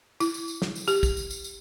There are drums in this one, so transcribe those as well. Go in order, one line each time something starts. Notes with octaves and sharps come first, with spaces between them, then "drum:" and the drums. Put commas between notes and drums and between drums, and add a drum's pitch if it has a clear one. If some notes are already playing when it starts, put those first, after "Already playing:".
E4, drum: tambourine
drum: tambourine
drum: tambourine
drum: snare
drum: tambourine
G4, drum: tambourine
drum: kick, tambourine
drum: tambourine
drum: tambourine
drum: tambourine